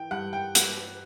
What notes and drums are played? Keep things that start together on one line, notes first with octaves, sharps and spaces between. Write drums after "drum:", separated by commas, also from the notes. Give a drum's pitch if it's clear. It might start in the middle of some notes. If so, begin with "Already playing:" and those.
Already playing: E3 G5
G2 F#5
G5
G3 F#5, drum: hi-hat